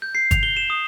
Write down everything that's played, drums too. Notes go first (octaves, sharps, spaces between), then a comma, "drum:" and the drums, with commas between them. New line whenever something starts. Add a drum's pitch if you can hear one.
G6
C7
F7, drum: kick G1, hi-hat
G7
E7
D#6